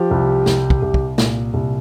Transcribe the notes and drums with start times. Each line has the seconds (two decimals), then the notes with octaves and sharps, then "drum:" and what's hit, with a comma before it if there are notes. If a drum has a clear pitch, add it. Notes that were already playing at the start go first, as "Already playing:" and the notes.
Already playing: F3 G4
0.11 C2
0.46 C2, drum: snare
0.70 drum: kick
0.82 C2
0.94 drum: kick
1.18 A#2, drum: snare
1.54 C2